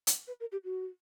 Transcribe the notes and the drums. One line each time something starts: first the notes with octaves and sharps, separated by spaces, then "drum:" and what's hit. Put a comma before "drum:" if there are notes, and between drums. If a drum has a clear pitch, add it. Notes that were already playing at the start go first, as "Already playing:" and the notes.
drum: hi-hat
B4
A#4
G4
F#4